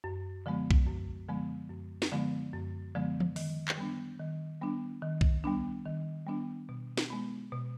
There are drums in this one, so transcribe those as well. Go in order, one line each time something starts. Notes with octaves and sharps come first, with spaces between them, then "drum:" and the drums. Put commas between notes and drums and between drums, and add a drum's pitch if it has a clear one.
F#2
D3 F3 G#3 B3
drum: kick
F#2
D3 F3 G#3 B3
F#2
drum: snare
D3 F3 G#3 B3
F#2
D3 F3 G#3 B3
drum: tom E3
D#3, drum: open hi-hat
drum: clap
G3 B3 D4
D#3
G3 B3 D4
D#3
drum: kick
G3 B3 D4
D#3
G3 B3 D4
B2
drum: snare
G#3 B3
B2